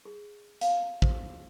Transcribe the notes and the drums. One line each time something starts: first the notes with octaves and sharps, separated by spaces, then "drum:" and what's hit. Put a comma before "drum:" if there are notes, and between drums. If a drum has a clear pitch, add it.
G#4
F5, drum: hi-hat
C5, drum: kick